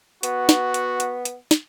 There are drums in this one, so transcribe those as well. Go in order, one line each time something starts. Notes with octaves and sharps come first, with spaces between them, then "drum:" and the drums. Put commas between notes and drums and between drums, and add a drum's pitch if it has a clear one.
B3 F#4, drum: hi-hat
drum: snare
drum: hi-hat
drum: hi-hat
drum: hi-hat
drum: snare